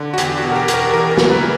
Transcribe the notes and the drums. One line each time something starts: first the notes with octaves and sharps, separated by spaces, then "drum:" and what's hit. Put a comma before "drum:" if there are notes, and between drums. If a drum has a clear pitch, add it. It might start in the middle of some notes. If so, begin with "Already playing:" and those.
Already playing: D3
F#4
E2 G4, drum: hi-hat
F#4
B2
A#4
G4
E2, drum: hi-hat
A#4
E3 A#4
A#4
E3, drum: snare
B4